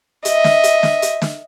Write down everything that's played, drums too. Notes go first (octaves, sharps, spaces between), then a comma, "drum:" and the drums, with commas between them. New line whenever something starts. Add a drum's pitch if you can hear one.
D#5 E5, drum: hi-hat
drum: snare
drum: hi-hat
drum: snare
drum: hi-hat
drum: snare